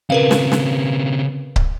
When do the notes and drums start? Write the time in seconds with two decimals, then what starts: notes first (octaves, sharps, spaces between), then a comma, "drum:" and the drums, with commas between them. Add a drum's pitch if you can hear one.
0.10 C#3 C4 A#4 B4 F5
0.31 drum: snare
0.52 drum: snare
1.56 drum: kick C#1